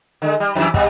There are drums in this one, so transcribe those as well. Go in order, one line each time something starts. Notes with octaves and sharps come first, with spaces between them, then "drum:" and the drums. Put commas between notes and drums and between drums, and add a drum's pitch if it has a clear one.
D3 G#3
G3
F2 E3 E4
A#2 G3, drum: kick